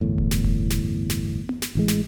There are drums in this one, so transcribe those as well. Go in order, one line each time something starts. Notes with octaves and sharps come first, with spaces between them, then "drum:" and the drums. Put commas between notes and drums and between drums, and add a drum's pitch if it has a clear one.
G1 E2 A2
drum: kick E1
drum: snare
drum: kick E1
drum: snare
drum: snare
drum: tom B3
drum: snare
A1 E3 G#3
drum: snare